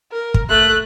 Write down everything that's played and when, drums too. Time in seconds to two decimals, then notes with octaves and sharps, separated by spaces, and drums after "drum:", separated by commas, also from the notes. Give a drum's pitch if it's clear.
0.12 A#4
0.34 drum: kick
0.50 A3 F#6